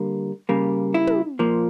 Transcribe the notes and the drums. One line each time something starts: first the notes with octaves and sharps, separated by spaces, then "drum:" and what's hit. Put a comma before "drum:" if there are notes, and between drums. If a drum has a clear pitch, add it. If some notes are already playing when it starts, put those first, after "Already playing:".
Already playing: D3 G3 A#3
C#3 G3 A#3
E4
drum: tom
A#2 F3 A#3